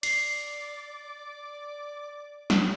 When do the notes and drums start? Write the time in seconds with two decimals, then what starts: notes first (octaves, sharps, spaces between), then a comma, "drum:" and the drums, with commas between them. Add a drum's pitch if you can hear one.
0.03 D5 C7, drum: cymbal
2.50 drum: snare